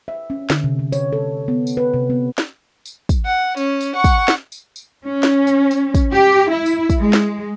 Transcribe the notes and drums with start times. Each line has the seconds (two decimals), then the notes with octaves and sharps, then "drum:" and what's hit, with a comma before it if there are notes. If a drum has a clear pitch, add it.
0.08 E5
0.30 C#4
0.50 D3, drum: snare
0.64 C3
0.79 C3
0.92 C#5, drum: tambourine
1.13 A4
1.48 B3
1.67 drum: tambourine
1.77 B4
1.94 C3
2.10 B3
2.38 drum: snare
2.85 drum: tambourine
3.09 drum: kick, tambourine
3.25 F#5
3.57 C#4, drum: tambourine
3.81 drum: tambourine
3.95 F#5 C#6
4.04 drum: kick, tambourine
4.28 drum: snare
4.52 drum: tambourine
4.76 drum: tambourine
5.06 C#4
5.23 drum: snare
5.47 drum: tambourine
5.71 drum: tambourine
5.94 drum: kick, tambourine
6.14 G4
6.51 E4
6.66 drum: tambourine
6.90 drum: kick, tambourine
6.99 G#3
7.13 drum: snare